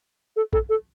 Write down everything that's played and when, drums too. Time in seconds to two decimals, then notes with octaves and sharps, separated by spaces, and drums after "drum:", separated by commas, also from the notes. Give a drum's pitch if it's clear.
0.36 A4
0.53 A4, drum: kick
0.69 A4